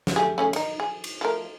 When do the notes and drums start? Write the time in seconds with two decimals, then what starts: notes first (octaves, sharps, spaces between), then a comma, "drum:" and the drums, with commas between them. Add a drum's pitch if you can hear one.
0.07 drum: snare
0.16 A3 G4 G#4
0.38 A3 C#4 G#4
0.53 D#3 D#4, drum: cymbal
0.80 G#4
1.04 drum: cymbal
1.21 F3 A3 A#4